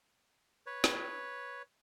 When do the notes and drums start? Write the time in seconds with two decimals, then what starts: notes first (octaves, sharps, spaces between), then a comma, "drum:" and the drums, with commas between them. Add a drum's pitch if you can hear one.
0.66 B4 C#5
0.84 drum: snare